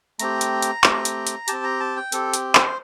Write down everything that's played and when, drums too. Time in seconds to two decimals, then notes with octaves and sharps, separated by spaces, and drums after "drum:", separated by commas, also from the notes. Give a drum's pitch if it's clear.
0.19 A3 C4 G4 A#5, drum: hi-hat
0.41 drum: hi-hat
0.62 drum: hi-hat
0.84 A3 C4 G4, drum: clap
1.05 drum: hi-hat
1.27 drum: hi-hat
1.48 C4 G4 A5, drum: hi-hat
1.64 A#5
1.80 A5
1.96 G5
2.12 C4 G4 A4, drum: hi-hat
2.34 drum: hi-hat
2.55 C5, drum: clap